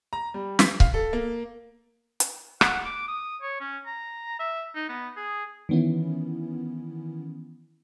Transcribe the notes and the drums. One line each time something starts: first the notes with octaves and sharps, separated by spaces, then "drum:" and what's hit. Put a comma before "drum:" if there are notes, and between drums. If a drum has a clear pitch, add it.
A#5
G3
B6, drum: snare
F5, drum: kick C#1
A4
A#3
drum: hi-hat
F#5, drum: rim click
D6
D#6
C#5
C#4
A#5
E5
D#4
B3
G#4
D#3 E3 B3 C#4 E4